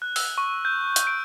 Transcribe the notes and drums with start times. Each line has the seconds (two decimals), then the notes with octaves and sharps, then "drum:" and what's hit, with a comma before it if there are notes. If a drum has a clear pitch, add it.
0.02 F#6
0.16 E6, drum: open hi-hat
0.38 C#6
0.65 G6
0.96 drum: hi-hat
1.07 D7